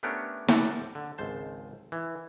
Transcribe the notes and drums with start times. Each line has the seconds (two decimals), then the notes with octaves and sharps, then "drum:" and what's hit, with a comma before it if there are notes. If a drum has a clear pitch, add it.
0.03 A3 B3 C#4 D4 G4 A#4
0.48 G4 A#4 C5 D5 F#5 A5, drum: snare
0.95 D3
1.18 G#1 C#2 C5 A5
1.92 E3